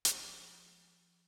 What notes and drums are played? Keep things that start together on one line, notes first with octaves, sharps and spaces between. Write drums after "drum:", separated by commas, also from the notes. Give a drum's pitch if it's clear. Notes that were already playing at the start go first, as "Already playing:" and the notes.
F3 G#3, drum: hi-hat